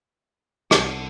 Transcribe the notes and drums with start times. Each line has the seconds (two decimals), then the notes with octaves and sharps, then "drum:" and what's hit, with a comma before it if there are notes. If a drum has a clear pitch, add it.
0.71 C2 A4 F#5, drum: rim click